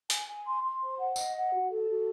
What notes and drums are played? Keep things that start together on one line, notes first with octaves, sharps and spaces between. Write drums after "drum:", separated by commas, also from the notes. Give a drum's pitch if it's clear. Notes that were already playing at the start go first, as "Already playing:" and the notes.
G#5, drum: hi-hat
G#5
C6
C6
C5
F#5
D#5, drum: tambourine
F#5
F#4
A4
F#4